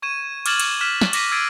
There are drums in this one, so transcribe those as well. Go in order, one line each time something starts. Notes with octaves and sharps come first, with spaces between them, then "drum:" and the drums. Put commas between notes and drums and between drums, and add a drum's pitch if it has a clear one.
C#6 G#6 D#7 E7
D6 F6 G#6 A6 E7 F#7, drum: cymbal
drum: cymbal
F6 F#6 B6 E7
drum: snare
D6 A#6 B6 D#7, drum: cymbal
E6 G#6 A6 C7 D7 D#7